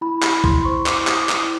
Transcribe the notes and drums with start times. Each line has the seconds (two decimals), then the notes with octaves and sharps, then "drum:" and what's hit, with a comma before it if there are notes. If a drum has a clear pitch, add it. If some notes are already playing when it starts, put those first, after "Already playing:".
0.01 E4 B5
0.23 G4 B5, drum: clap
0.44 E4 C6, drum: kick B1
0.65 C5 C#6
0.86 E4 D6, drum: clap
1.04 D6
1.07 G4 D#6, drum: clap
1.23 D6
1.29 E4 D#6, drum: clap